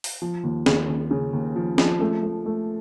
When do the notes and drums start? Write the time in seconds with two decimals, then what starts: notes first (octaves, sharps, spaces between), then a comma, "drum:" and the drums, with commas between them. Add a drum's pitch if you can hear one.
0.04 drum: open hi-hat
0.22 F3
0.43 D#2
0.66 D#2, drum: snare
0.88 D#2
1.11 C#3
1.33 D#2
1.56 F3
1.78 F3, drum: snare
2.00 A3
2.23 A3
2.46 A3